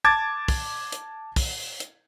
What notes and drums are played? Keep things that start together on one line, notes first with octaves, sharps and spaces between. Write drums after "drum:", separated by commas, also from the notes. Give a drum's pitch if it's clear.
A5 D6 G#6 A6
drum: kick, open hi-hat
drum: hi-hat
drum: kick, open hi-hat
drum: hi-hat